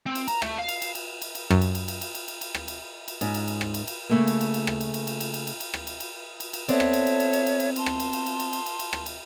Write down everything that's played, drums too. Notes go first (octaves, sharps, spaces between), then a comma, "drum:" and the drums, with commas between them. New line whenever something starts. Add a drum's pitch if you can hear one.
C4
drum: cymbal
A#5, drum: cymbal
A3, drum: rim click
F5
drum: cymbal
drum: cymbal
drum: cymbal
drum: cymbal
drum: cymbal
F#2, drum: rim click
drum: cymbal
drum: cymbal
drum: cymbal
drum: cymbal
drum: cymbal
drum: cymbal
drum: cymbal
drum: rim click
drum: cymbal
drum: cymbal
G#2 C#4, drum: cymbal
drum: cymbal
drum: cymbal
drum: rim click
drum: cymbal
drum: cymbal
C#3 A3 A#3
drum: cymbal
drum: cymbal
drum: cymbal
drum: rim click
drum: cymbal
drum: cymbal
drum: cymbal
drum: cymbal
drum: cymbal
drum: cymbal
drum: cymbal
drum: rim click
drum: cymbal
drum: cymbal
drum: cymbal
drum: cymbal
B3 C4 A4 C#5 D5 E5, drum: cymbal
drum: rim click
drum: cymbal
drum: cymbal
drum: cymbal
drum: cymbal
drum: cymbal
drum: cymbal
A5 C6, drum: cymbal
drum: rim click
drum: cymbal
drum: cymbal
drum: cymbal
drum: cymbal
drum: cymbal
drum: cymbal
drum: cymbal
drum: rim click
drum: cymbal